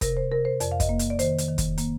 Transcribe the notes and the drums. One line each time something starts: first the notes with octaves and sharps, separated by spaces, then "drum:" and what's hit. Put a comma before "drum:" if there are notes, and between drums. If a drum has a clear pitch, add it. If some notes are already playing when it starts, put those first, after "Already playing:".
C3 A#4, drum: kick, hi-hat
C5
C3 A#4
C5
F2 D5, drum: hi-hat
F5
D#5, drum: kick, hi-hat
A#3
drum: hi-hat
D5
D#3 C5, drum: hi-hat
drum: hi-hat
D#3
drum: kick, hi-hat
A#3, drum: hi-hat